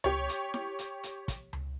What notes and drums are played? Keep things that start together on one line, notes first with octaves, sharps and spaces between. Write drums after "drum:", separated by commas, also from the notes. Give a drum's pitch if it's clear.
G4 C#5, drum: tom C#2
drum: hi-hat
drum: snare E4
drum: hi-hat
drum: hi-hat
drum: kick, hi-hat
drum: tom C#2